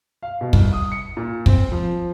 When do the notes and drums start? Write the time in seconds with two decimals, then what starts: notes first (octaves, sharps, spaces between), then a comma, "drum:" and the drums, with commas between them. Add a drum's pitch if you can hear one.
0.23 F5
0.41 B2
0.53 C2, drum: kick
0.73 D#6
0.92 C#7
1.17 A#2
1.46 C4, drum: kick
1.72 F3